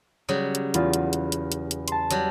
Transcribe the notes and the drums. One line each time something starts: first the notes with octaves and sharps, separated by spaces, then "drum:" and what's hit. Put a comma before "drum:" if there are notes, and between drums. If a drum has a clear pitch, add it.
C#3 F#3 G3
drum: hi-hat
E2 F4 A6, drum: hi-hat
drum: hi-hat
drum: hi-hat
drum: hi-hat
drum: hi-hat
drum: hi-hat
A5 C6, drum: hi-hat
F#3 G3, drum: hi-hat